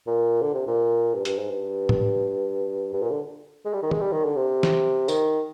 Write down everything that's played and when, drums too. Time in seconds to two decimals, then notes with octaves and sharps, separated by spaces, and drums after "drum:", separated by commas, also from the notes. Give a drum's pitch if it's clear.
0.07 A#2
0.42 D3
0.54 C3
0.67 A#2
1.15 G2
1.25 G2, drum: hi-hat
1.38 G#2
1.50 G2
1.89 drum: tom A2
2.93 G2
3.02 A#2
3.11 D3
3.65 G#3
3.73 G3
3.82 D#3
3.91 G#3, drum: tom
4.01 G3
4.12 D#3
4.24 D3
4.36 C3
4.63 drum: snare E3
5.08 D#3, drum: tambourine